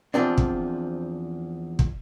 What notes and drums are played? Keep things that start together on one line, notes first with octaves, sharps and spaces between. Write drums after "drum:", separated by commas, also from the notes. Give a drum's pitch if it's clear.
E2 F3 C4 D4
drum: kick
drum: kick